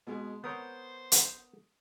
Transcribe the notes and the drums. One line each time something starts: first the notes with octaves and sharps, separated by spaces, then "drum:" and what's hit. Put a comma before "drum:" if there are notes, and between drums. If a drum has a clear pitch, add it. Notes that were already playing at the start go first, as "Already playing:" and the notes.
B2 G#3
B3 A#4 C5 C#5 D#6
drum: hi-hat